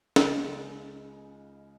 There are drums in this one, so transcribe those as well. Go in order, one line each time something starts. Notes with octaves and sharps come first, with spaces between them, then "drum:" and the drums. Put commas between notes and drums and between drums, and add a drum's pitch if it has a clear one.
C#2 C#3 G#3 D#4, drum: snare